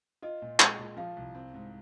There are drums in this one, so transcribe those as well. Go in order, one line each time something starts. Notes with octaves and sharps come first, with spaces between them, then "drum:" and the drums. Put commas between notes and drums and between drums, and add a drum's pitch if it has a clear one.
F4 D#5
A#2
G#3, drum: clap
A#2
F3 F5
C2
C4
G#2